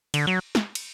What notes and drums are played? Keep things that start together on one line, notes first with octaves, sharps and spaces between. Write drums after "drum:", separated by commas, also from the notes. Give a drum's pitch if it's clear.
D3, drum: cymbal
F#3
drum: snare
drum: cymbal